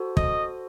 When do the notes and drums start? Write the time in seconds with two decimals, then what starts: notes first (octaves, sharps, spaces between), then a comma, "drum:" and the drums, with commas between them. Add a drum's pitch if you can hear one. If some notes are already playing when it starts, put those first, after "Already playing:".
Already playing: F#4 A4 C5
0.17 D#5, drum: kick